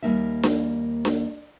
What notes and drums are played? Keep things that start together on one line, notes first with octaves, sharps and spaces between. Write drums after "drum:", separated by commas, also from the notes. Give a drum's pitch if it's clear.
D#2 A#2 G3 A#3 D#4 E5
drum: snare D4
drum: snare D4